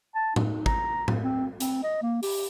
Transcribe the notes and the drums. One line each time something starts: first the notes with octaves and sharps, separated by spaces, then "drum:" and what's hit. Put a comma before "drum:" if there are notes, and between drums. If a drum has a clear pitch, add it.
A5
D#4, drum: tom A2
A#5, drum: kick
drum: tom A2
C4
C4, drum: hi-hat
D#5
A#3
G4, drum: open hi-hat